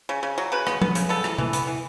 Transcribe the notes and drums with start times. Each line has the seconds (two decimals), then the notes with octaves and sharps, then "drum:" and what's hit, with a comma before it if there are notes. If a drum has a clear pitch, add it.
0.09 C#3
0.23 C#3
0.38 F#3
0.52 C#3 B4
0.67 B3, drum: rim click
0.82 B3, drum: tom F3
0.95 C#3, drum: hi-hat
1.09 B3 A4
1.24 E3, drum: rim click
1.38 E3, drum: tom C3
1.53 B3, drum: hi-hat
1.67 E3